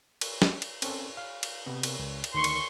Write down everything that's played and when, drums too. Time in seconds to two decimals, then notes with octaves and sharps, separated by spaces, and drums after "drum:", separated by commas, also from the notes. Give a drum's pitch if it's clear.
0.21 drum: cymbal
0.42 drum: snare
0.62 drum: cymbal
0.82 C4 C#4 A4, drum: cymbal
1.17 F5
1.43 drum: cymbal
1.66 C3 B3
1.83 drum: cymbal
1.99 C#2
2.24 drum: cymbal
2.34 D2 D#3 C6 C#6
2.44 drum: cymbal